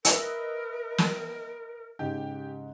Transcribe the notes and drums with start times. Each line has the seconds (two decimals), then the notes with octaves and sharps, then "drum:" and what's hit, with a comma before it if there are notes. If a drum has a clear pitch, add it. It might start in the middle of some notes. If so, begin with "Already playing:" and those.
0.05 A#4 B4 D#5 E5, drum: hi-hat
0.98 drum: snare
1.99 G#2 C#3 G4